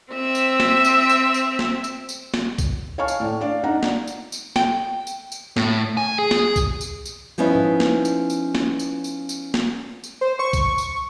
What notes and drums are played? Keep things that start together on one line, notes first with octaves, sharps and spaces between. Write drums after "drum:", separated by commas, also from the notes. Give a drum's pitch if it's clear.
C4 E5
drum: tambourine
drum: snare
drum: tambourine
drum: tambourine
drum: tambourine
drum: snare
drum: tambourine
drum: tambourine
drum: snare
drum: kick B1, tambourine
C#5 F5 G#5 A5 C#6 F6
drum: tambourine
A2 D5
D4 D5 F5
D4 D#4 F#5 A#5
drum: snare
drum: tambourine
drum: tambourine
G5, drum: snare
drum: tambourine
drum: tambourine
A2, drum: snare
G#5
G#4
drum: snare
drum: kick B1, tambourine
drum: tambourine
drum: tambourine
F3 B3 C#4 D#4 E4
drum: tom G#2
drum: snare
drum: tambourine
drum: tambourine
drum: snare
drum: tambourine
drum: tambourine
drum: tambourine
drum: snare
drum: tambourine
C5
C#6
drum: kick B1, tambourine
drum: tambourine